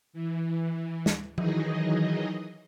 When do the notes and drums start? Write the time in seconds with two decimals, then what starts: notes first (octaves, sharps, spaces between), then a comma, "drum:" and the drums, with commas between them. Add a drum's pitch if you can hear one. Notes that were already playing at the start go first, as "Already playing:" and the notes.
0.13 E3
1.06 drum: snare
1.38 D#3 E3 F#3 D#4 G#4 D#5, drum: tom F3